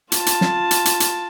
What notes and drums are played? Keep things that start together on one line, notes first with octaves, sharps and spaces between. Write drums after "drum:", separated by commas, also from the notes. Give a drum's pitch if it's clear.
F4 A5, drum: hi-hat
drum: hi-hat
drum: snare
drum: hi-hat
drum: hi-hat
drum: hi-hat